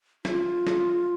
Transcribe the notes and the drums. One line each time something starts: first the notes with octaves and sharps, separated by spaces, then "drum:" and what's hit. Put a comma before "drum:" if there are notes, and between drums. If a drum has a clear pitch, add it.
F4, drum: snare
drum: snare